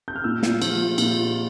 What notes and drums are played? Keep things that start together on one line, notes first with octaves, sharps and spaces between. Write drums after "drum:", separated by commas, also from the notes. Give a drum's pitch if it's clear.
G6
F6
A#2 E6
drum: snare
F3, drum: cymbal
A#2, drum: cymbal